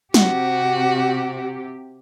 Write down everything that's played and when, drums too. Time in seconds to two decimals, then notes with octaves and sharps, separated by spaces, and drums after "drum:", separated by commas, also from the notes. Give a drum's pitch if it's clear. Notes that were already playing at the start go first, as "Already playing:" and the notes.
0.14 C3 F#4 G4, drum: snare